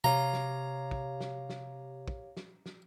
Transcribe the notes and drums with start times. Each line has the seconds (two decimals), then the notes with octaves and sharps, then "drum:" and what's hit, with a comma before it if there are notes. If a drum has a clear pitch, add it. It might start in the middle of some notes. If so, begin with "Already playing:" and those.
0.04 C3 G4 C#5 F5 A#5, drum: snare
0.33 drum: snare
0.91 drum: kick
1.20 drum: snare
1.49 drum: snare
2.08 drum: kick
2.37 drum: snare
2.66 drum: snare